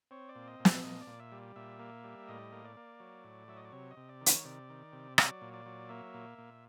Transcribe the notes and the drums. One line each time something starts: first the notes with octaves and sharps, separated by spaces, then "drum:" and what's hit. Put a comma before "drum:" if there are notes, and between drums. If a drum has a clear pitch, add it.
C4 C#5
D5
A#2
D#5
A#2
E5, drum: snare
A#2 D#5
D5
A#2
E5
G3
A#2 E5
A#3
G3
A2 D#5
A#3
D5
A#3
F#3
A2
F#3 E5
D#5
D5
C3 C#5
D#5
C3
D5
D#3
C#5, drum: hi-hat
C3 D5
D#3
C3
F#3 D5, drum: rim click
A#2
D5
F#3
A#3 E5
A#2
A#2